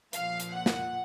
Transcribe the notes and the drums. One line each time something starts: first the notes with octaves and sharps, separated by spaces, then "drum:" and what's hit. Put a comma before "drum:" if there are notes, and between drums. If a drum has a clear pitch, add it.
A#2 F3 F5, drum: hi-hat
drum: hi-hat
F#5
drum: snare